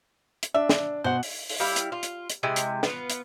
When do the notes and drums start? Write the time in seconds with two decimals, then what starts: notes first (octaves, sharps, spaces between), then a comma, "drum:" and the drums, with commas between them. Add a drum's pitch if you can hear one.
0.43 drum: hi-hat
0.54 D4 E5
0.69 drum: snare
1.04 B2 C5 F#5
1.23 drum: open hi-hat
1.50 drum: open hi-hat
1.60 G3 E4 F5
1.76 drum: hi-hat
1.92 F4
2.03 drum: hi-hat
2.30 drum: hi-hat
2.43 C3 G#3 E4 G#5
2.56 drum: hi-hat
2.83 B3 F4, drum: snare
3.10 drum: hi-hat